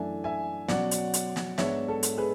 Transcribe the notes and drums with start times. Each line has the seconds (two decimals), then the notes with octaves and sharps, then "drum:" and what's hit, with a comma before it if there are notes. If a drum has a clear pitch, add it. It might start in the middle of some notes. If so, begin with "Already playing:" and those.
Already playing: F#2 E3 A3 D4 E5 G#5
0.24 E5 G#5
0.68 B2 F#3 C#4 D5 F#5, drum: snare
0.91 drum: hi-hat
1.14 drum: hi-hat
1.36 drum: snare
1.58 G#2 G#3 B3 D4 C#5 E5, drum: snare
1.88 A4 C#5
2.03 drum: hi-hat
2.17 G#4 B4